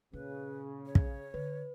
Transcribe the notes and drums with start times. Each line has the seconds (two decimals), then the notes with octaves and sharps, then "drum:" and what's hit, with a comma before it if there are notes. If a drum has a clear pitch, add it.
0.13 A#2 C#3 B4
0.86 C#5
0.95 drum: kick
1.34 D3 B4